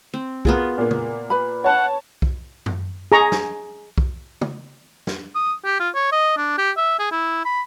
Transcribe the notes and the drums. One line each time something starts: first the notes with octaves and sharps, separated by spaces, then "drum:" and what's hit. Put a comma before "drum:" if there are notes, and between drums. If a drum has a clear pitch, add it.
C4
B3 F4 F#4 G#4 A#4, drum: kick B1
A#2 A#3
drum: tom
B4 B5
C#5 F#5 A5
drum: kick B1
drum: tom F#2
G#4 A#5 C#6
drum: snare
drum: kick B1
drum: tom
drum: snare
D#6
G4
F4
C#5
D#5
D4
G4
E5
G#4
E4
B5